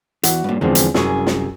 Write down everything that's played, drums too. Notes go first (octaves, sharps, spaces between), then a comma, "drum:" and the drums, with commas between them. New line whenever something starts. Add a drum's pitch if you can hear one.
E2 F#4 F#5, drum: hi-hat
G2 A#2
E2 D3 F3 G#3 C4
drum: hi-hat
C2 F#2 G#4 G#5 C#6, drum: snare
drum: snare